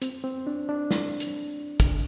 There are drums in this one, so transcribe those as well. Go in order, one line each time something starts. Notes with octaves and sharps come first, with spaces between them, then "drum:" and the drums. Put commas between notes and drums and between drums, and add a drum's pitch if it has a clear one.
C4, drum: hi-hat
C4
D4
D4
drum: snare
drum: hi-hat
drum: kick, hi-hat